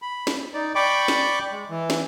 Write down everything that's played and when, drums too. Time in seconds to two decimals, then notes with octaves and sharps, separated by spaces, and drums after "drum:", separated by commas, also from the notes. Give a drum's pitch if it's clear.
0.02 B5
0.27 drum: snare
0.54 D#4 D5
0.75 D5 G5 B5 C#6 D6
1.08 drum: snare
1.52 G#3
1.69 E3
1.90 drum: snare